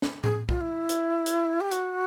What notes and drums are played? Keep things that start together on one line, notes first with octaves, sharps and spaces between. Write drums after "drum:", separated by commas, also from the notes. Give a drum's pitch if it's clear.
drum: snare
G#4, drum: tom A2
F4, drum: kick
E4
drum: hi-hat
drum: hi-hat
G4
F#4, drum: hi-hat